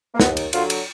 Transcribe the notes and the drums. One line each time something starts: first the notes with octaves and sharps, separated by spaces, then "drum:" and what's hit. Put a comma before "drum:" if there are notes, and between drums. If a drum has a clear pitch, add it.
A#3
D#2 B3, drum: snare
drum: cymbal
D3 F#3 F4, drum: cymbal
drum: cymbal